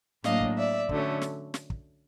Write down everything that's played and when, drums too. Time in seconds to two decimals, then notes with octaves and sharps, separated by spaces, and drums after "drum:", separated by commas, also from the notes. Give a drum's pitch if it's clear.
0.24 A2 F#3 A#3 D4 D#5 F5, drum: snare
0.41 drum: kick
0.57 D5 E5
0.89 D3 F#3 A3 C#4, drum: kick
1.22 drum: snare
1.54 drum: snare
1.70 drum: kick